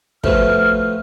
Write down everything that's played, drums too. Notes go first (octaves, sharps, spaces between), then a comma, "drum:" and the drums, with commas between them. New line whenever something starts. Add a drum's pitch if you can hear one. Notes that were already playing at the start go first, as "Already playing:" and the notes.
B2 F3 A3 F6, drum: kick